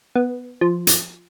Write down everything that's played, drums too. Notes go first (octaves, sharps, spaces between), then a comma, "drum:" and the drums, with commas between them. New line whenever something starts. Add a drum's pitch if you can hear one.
B3
F3
drum: hi-hat